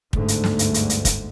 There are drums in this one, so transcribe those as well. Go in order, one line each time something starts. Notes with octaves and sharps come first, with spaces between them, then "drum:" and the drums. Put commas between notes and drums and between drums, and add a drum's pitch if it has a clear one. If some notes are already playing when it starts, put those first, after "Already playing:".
G1 D2 G#2 D3 A3, drum: kick
drum: hi-hat
drum: snare
drum: hi-hat
drum: hi-hat
drum: hi-hat
drum: kick, hi-hat